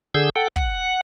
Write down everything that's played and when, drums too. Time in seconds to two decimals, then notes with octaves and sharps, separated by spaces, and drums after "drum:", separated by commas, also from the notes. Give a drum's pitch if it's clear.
0.15 D3 G#4 E6 G6
0.36 A4 F#5 G5
0.56 F#5, drum: kick